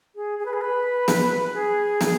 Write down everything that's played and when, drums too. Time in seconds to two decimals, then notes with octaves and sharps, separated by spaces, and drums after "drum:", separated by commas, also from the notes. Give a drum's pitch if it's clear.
0.16 G#4
0.39 G#4
0.46 B4
0.53 G#4
0.61 B4
1.08 drum: snare
1.54 G#4
2.01 drum: snare